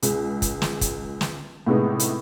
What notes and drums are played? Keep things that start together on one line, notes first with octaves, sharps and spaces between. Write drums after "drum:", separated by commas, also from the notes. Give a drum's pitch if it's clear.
C#2 G#3, drum: hi-hat
drum: kick, hi-hat
drum: snare
drum: kick, hi-hat
drum: snare
A2 C3 G#3 B3 D#4
drum: hi-hat